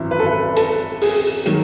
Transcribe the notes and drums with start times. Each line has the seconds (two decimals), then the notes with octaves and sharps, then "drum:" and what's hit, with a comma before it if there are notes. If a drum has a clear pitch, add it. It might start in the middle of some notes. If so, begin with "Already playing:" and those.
Already playing: G#1 F#2 E3 E4
0.11 B4
0.19 A4
0.26 B4
0.57 A4, drum: hi-hat
1.02 G#4, drum: open hi-hat
1.46 D#3 F#3, drum: hi-hat